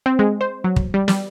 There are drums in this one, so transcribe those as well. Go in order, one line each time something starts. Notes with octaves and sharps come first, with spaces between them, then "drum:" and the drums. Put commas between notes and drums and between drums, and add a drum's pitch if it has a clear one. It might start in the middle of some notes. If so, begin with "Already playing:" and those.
C4
G#3
C5
F#3
drum: kick
G3
G3, drum: snare